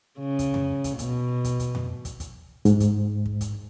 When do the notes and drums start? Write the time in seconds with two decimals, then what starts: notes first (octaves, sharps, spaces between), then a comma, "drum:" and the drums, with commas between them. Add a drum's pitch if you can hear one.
0.19 C#3
0.39 drum: kick, hi-hat
0.54 drum: tom F2
0.84 drum: kick, hi-hat
0.99 B2, drum: kick, hi-hat
1.45 drum: kick, hi-hat
1.60 drum: kick, hi-hat
1.75 drum: tom F2
2.05 drum: kick, hi-hat
2.20 drum: kick, hi-hat
2.65 G#2, drum: kick, hi-hat
2.80 drum: kick, hi-hat
3.26 drum: kick
3.41 drum: kick, hi-hat